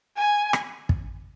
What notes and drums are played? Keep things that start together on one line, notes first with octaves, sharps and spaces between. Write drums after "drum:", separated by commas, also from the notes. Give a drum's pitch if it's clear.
G#5
drum: rim click
drum: kick